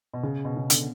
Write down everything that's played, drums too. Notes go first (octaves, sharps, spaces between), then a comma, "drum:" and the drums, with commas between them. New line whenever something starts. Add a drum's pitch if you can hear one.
B2
C#3
B2
C#3
D3, drum: hi-hat